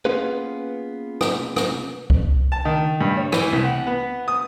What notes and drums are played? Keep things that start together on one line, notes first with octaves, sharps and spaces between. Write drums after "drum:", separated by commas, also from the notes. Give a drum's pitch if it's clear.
A#3 B3 C#4 F4 G#4 B4
drum: rim click
drum: rim click
drum: kick C2
A5
D#3
G2
C#5
E3, drum: rim click
C2
F#5
B3
D#6